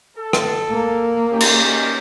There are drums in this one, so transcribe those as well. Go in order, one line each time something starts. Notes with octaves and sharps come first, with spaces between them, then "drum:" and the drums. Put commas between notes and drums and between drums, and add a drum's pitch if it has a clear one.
A4
drum: rim click
A#3
D#3 C#4 G4
drum: cymbal